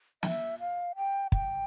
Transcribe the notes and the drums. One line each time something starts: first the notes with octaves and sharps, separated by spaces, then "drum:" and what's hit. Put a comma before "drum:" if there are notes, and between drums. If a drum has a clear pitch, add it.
E5, drum: snare
F5
G5
G5, drum: kick